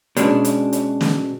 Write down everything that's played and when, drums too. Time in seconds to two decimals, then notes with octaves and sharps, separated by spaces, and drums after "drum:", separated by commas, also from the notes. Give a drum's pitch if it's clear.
0.17 B2 G#3 C#4 D4, drum: hi-hat
0.45 drum: hi-hat
0.73 drum: hi-hat
1.01 drum: snare